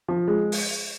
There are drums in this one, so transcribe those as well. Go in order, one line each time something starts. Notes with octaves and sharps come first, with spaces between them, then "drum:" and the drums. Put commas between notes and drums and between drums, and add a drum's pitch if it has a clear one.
F3
G#3
drum: open hi-hat